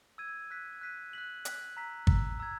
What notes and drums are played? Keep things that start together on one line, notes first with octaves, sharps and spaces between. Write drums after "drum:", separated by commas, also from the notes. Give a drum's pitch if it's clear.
E6 G#6 D#7
F#6 B6 D#7
F#6 B6 D#7
F#6 B6 F#7
F#6 B6 F#7, drum: hi-hat
A#5 E6 B6
A#5 E6 B6, drum: kick
A#5 E6 G#6